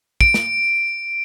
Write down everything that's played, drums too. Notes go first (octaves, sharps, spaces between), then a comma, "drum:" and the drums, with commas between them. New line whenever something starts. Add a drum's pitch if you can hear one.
D7, drum: kick
drum: snare